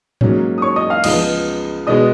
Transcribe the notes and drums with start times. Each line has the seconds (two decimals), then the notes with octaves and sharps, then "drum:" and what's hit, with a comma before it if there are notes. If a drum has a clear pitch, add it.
0.21 G#2 F#3 A#3 C#4, drum: tom G#2
0.58 D#6
0.62 C#5 C#6
0.76 D#5 D#6
0.90 F5 F6
1.04 C#2 C#3 F3 B3 D#5 D#6, drum: cymbal
1.87 B2 G#3 B3 D#5 D#6